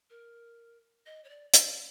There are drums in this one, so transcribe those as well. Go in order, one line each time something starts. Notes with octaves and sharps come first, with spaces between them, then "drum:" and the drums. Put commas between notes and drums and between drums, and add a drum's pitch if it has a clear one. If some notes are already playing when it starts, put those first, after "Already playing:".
A#4
D#5
C#5
D5
D5, drum: hi-hat